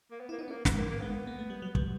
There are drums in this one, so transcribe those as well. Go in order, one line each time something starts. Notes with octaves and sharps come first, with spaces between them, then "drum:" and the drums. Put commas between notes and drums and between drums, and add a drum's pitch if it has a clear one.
A#3
B3
E4
A#3
D#4
B3
C#4
A#3
G#3 B3, drum: snare
A#3
A#3
G#3 B3
A#3
A3
G3
F#3
G3, drum: kick